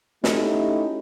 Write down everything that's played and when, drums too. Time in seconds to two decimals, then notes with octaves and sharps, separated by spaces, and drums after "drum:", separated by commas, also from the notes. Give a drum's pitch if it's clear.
0.24 A3 C#4 D#4 E4 F#4 G4, drum: snare